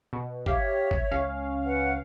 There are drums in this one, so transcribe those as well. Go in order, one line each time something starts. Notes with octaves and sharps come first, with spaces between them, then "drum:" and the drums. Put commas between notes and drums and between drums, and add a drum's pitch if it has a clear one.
B2
G4 C#5 E5 F5, drum: kick G1
drum: kick G1
C#2 C#4 F5
B4 F#5